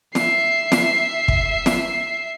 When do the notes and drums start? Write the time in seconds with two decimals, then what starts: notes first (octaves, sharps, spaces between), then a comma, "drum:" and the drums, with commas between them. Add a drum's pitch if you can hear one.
0.15 E5 C7, drum: snare
0.72 drum: snare
1.28 drum: kick
1.66 drum: snare